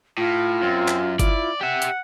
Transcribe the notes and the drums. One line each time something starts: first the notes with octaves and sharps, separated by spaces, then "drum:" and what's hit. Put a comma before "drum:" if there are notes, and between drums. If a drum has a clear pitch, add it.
A2 F4
F#2 C4
drum: clap
E4 D5, drum: kick G1, hi-hat
G4 E5 F#5
drum: hi-hat